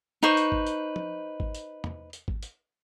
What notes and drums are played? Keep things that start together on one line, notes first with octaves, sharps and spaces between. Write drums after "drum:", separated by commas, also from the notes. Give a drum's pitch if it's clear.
D#4 B4 C5 C#6
drum: hi-hat
drum: kick G#1
drum: hi-hat
drum: tom
drum: kick G#1
drum: hi-hat
drum: tom
drum: hi-hat
drum: kick G#1
drum: hi-hat